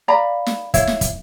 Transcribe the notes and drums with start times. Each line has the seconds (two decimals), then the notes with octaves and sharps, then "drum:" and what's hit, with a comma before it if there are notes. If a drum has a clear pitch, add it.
0.08 D5 F5 A#5 B5
0.46 drum: snare
0.74 E4 C#5 F5, drum: kick, hi-hat
0.87 drum: snare
1.01 drum: kick, hi-hat